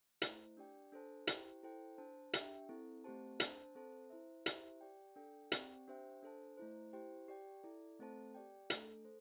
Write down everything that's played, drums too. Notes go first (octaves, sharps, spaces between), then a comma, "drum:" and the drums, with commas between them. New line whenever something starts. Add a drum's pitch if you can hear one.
A3 E4 C5, drum: hi-hat
D4 G4 D5 G5
D4 A4 C5 A5
E4 G4 C5 G5, drum: hi-hat
E4 A4 C5 G5
D4 C5 A5
D4 G4 E5 G5, drum: hi-hat
C4 E4 A4
A3 C4 G4 C5 A5
D4 C5 A5, drum: hi-hat
C4 A4 C5 A5
E4 C5 E5
E4 G4 C5 E5, drum: hi-hat
G4 D5 G5
D4 A4 D5 G5
C4 G4 D5 G5, drum: hi-hat
D4 G4 C5 E5 G5
D4 A4 C5 A5
A3 E4 C5
E4 G4 C5 G5
G4 D5 G5
E4 A4 D5
A3 C4 A4 C5 A5
G4 D5 G5
A3 D4 A4, drum: hi-hat
A4 C5